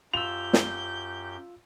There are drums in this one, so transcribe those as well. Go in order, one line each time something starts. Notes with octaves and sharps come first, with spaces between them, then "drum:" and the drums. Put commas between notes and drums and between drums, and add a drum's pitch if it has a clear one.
F#2 F4 G4 E6 G6 F7
drum: snare